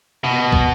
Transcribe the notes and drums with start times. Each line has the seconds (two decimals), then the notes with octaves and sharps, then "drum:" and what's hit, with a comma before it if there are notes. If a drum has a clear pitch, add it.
0.24 B2
0.52 drum: kick